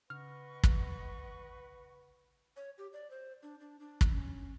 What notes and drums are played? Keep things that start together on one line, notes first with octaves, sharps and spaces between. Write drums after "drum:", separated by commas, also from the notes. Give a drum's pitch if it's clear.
C#3 B4 D#5 F#5 C#6 F6
drum: kick
C#5
G4
D5
C5
D4
D4
D4
drum: kick
C#4